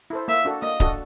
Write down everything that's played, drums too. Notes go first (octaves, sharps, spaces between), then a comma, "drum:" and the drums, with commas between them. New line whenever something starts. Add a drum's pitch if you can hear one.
E4 A4 C5
A#3 E5
D4 F#4 A4
A#3 D#5
D4 F#4 A4, drum: kick C#1